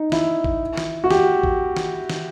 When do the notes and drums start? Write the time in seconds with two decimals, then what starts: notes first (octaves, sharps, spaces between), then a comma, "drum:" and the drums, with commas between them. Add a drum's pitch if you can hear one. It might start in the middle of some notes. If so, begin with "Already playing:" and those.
Already playing: D#4
0.12 E4, drum: snare
0.44 drum: kick A1
0.77 drum: snare
1.04 F#4
1.11 G4, drum: snare
1.43 drum: kick A1
1.77 drum: snare
2.10 drum: snare